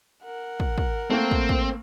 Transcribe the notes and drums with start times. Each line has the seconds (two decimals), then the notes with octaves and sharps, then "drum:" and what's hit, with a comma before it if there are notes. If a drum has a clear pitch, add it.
0.24 A#4 F#5
0.60 drum: kick
0.78 drum: kick
1.10 A3 A#3 C4
1.31 drum: kick
1.49 drum: kick